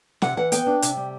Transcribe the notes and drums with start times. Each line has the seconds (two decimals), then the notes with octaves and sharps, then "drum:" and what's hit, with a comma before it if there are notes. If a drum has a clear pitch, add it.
0.22 C3 F#5, drum: snare
0.37 E3 F#5
0.52 B3 G5, drum: hi-hat
0.66 D4
0.82 C3, drum: hi-hat
0.97 G3